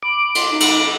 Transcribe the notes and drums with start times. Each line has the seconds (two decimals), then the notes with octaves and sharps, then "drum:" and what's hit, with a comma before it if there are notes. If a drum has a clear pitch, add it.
0.03 B5 D6
0.35 C6, drum: cymbal
0.51 D#4
0.60 drum: cymbal